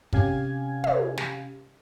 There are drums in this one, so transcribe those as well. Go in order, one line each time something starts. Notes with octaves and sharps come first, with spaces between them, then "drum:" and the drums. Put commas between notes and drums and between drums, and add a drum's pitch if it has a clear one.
C3 C#4 G4 F5 G#5 G#6, drum: kick
drum: tom
drum: snare